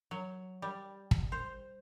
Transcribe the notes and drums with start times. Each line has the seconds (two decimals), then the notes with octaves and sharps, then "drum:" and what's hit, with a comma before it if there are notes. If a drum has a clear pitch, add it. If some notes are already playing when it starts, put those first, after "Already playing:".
0.11 F#3
0.62 G3
1.11 drum: kick
1.32 C5